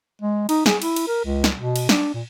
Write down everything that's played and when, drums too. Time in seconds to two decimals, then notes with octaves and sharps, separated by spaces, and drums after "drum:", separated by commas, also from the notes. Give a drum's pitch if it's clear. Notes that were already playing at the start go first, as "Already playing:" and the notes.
0.22 G#3
0.49 D#4, drum: cymbal
0.66 G#4, drum: snare
0.82 E4, drum: cymbal
0.96 drum: cymbal
1.07 A#4
1.25 C#2
1.44 drum: snare
1.57 B2
1.76 drum: cymbal
1.89 D4, drum: snare
2.14 A#2